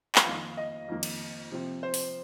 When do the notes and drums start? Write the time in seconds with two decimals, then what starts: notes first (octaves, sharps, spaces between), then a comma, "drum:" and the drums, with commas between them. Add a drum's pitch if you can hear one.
0.15 drum: clap
0.25 F2 D#3 A#3 F5
0.57 D#5
0.88 F2 D#3 A#3
1.03 drum: cymbal
1.52 C3 F3 C4
1.83 C5
1.94 drum: open hi-hat